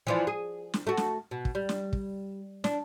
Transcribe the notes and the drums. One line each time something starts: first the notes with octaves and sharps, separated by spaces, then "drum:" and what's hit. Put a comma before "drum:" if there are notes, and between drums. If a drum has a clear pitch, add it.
E3 F3 D4
G#4
drum: snare
A3 F#4
drum: snare
B2
drum: kick
G3
drum: snare
drum: kick
D4, drum: snare